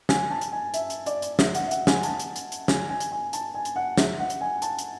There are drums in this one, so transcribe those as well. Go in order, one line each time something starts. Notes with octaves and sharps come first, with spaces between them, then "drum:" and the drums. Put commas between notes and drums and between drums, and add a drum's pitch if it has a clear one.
G#5, drum: snare
A5
drum: hi-hat
G#5
E5, drum: hi-hat
drum: hi-hat
D5, drum: hi-hat
drum: hi-hat
E5, drum: snare
F#5, drum: hi-hat
E5
F#5, drum: hi-hat
G#5, drum: snare
A5, drum: hi-hat
drum: hi-hat
drum: hi-hat
drum: hi-hat
G#5, drum: snare
G#5
drum: hi-hat
G#5
A5, drum: hi-hat
G#5
drum: hi-hat
F#5
E5, drum: snare
F#5
drum: hi-hat
G#5
A5, drum: hi-hat
drum: hi-hat